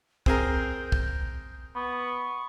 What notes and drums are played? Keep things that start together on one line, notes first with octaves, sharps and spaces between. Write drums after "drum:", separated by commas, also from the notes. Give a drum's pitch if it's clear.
C4 G#4 A#4 G6, drum: kick
drum: kick
B3 C#6